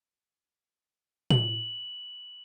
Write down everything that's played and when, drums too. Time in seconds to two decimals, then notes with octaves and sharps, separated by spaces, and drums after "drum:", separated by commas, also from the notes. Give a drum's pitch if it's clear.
1.30 F#7, drum: tom A2